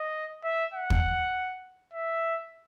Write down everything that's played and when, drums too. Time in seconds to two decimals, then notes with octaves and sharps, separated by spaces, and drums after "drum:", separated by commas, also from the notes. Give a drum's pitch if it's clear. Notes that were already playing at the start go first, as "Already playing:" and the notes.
Already playing: D#5
0.44 E5
0.74 F#5
0.90 drum: kick
1.94 E5